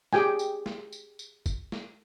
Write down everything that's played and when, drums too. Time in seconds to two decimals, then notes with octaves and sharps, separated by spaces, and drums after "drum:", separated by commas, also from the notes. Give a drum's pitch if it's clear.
0.13 G4 G#4 G5 G#5, drum: snare
0.39 drum: tambourine
0.66 drum: snare
0.92 drum: tambourine
1.19 drum: tambourine
1.46 drum: kick, tambourine
1.72 drum: snare